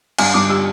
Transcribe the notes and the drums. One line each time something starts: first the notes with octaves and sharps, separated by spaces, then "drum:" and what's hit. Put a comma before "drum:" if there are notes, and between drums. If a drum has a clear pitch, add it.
G2 G#5, drum: cymbal
G2 D6
G3 E6